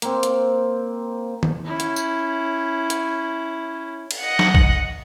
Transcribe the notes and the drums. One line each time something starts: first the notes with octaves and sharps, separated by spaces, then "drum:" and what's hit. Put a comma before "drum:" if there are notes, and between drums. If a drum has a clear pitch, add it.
A#3 C4, drum: hi-hat
drum: hi-hat
drum: tom D#3
C#4 E4
drum: hi-hat
drum: tambourine
drum: hi-hat
drum: cymbal
D#5 F#5
drum: snare
drum: kick